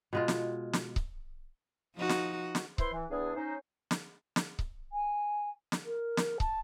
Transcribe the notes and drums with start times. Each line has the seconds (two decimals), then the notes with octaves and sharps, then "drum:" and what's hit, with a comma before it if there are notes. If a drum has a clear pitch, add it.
0.13 B2 G#3 F4
0.28 drum: snare
0.73 drum: snare
0.96 drum: kick C#1
1.96 F3 D#4 F#4
2.09 drum: snare
2.55 drum: snare
2.78 E4 B4 C5 C6, drum: kick C#1
2.92 E3
3.10 E2 D4 G#4
3.35 C#4 D#4 C5
3.91 drum: snare
4.36 drum: snare
4.59 drum: kick C#1
4.92 G#5
5.72 drum: snare
5.85 A#4
6.17 drum: snare
6.40 A5, drum: kick C#1